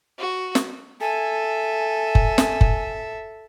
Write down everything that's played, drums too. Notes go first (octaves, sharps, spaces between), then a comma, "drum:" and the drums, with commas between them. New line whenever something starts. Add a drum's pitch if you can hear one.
F#4
drum: snare
A4 E5 G#5
drum: kick F#1
drum: snare
drum: kick F#1